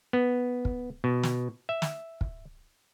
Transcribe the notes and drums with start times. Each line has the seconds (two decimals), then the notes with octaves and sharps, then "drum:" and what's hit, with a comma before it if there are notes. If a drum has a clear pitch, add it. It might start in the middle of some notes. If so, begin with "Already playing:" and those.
0.13 B3
0.65 drum: kick
1.04 B2
1.23 drum: snare
1.69 E5
1.82 drum: snare
2.21 drum: kick